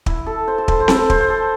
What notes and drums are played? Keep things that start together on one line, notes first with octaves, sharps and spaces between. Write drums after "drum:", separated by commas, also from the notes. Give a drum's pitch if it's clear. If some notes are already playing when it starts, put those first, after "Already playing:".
E4, drum: kick
A4
C5
A4
C5, drum: kick
C5
A4, drum: snare C4
C5, drum: kick
C5
A4